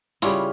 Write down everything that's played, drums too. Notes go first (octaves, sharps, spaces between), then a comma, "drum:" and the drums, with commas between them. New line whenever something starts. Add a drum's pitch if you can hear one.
C#3 G3 C#4 E4 F4, drum: open hi-hat